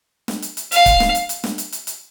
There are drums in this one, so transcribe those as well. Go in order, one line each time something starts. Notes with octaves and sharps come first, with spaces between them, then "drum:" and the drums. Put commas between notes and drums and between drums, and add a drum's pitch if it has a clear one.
drum: snare
drum: hi-hat
drum: hi-hat
F5, drum: hi-hat
drum: kick, hi-hat
drum: snare
drum: hi-hat
drum: hi-hat
drum: snare
drum: hi-hat
drum: hi-hat
drum: hi-hat